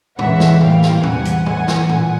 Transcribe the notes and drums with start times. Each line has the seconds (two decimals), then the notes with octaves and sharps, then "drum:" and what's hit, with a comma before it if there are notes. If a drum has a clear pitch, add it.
0.19 E2 C#3 E3 G#3 E5 F#5, drum: tom
0.40 drum: snare
0.61 A2 E3 G3 A#3 F5 G5, drum: tom
0.83 drum: snare
1.03 E2 C3 E3 G3 F#5 G#5, drum: tom
1.25 drum: hi-hat
1.46 A2 E3 A3 F#5 G#5, drum: tom
1.68 drum: snare
1.89 A#2 F#5 G#5, drum: tom